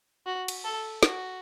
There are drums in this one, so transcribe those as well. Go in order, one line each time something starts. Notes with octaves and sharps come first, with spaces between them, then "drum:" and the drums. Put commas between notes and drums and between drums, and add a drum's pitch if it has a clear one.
F#4
drum: cymbal
A4
F#4, drum: snare